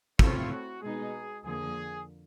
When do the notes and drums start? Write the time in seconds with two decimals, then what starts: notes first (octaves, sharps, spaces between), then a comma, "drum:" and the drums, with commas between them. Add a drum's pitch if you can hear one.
0.19 A3 C4 E4 F4 A4 C#5, drum: kick
0.51 F#4
0.82 B2 G#3 B3 D#4 G#4
1.44 F2 D3 F3 A#3 G#4